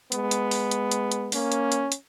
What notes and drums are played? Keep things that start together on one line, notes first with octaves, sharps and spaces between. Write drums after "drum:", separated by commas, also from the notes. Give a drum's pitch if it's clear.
G#3 B3, drum: hi-hat
drum: hi-hat
drum: open hi-hat
drum: hi-hat
drum: hi-hat
drum: hi-hat
A#3 C#4, drum: open hi-hat
drum: hi-hat
drum: hi-hat
drum: hi-hat